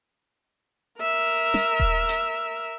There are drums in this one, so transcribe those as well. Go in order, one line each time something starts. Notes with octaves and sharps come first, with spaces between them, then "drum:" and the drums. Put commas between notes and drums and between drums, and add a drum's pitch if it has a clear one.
A#4 E5
drum: snare
drum: kick D#1
drum: hi-hat